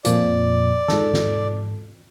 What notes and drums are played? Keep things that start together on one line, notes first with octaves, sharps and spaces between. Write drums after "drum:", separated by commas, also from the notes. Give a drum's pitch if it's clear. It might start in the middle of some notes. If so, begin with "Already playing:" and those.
F2 A#2 F3 D5, drum: hi-hat
G#2 A4, drum: snare
drum: snare